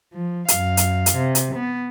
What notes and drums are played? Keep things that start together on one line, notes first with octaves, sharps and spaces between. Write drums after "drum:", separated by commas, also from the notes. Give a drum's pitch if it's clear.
F3
F#2 F5, drum: hi-hat
drum: hi-hat
drum: hi-hat
C3
drum: hi-hat
B3